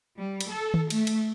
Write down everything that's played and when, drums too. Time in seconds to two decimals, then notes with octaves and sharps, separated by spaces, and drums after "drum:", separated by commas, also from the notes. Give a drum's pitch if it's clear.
0.18 G3
0.41 drum: cymbal
0.51 A4
0.74 drum: tom D#3
0.90 A3, drum: cymbal
1.07 drum: cymbal